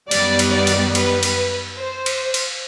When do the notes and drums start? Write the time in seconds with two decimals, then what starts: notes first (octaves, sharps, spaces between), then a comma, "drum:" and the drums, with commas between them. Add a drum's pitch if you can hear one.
0.11 F#2 D#3 G3 B3 D5, drum: cymbal
0.39 drum: cymbal
0.53 D5
0.67 drum: cymbal
0.95 B4, drum: cymbal
1.23 drum: cymbal
1.78 C5
2.06 drum: cymbal
2.34 drum: cymbal